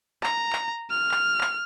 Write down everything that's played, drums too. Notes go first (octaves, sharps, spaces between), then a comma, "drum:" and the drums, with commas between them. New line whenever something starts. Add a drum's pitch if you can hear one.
A#5, drum: clap
drum: clap
F6
drum: clap
drum: clap